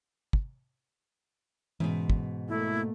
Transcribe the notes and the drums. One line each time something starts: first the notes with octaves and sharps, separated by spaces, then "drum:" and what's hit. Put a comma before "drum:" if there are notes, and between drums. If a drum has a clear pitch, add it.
drum: kick
G#2 B2 E3 C#4
drum: kick
A3 A#3 E4